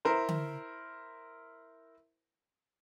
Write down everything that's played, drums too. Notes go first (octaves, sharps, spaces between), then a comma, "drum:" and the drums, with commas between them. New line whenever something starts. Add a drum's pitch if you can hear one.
E4 A#4 C5
drum: tom D3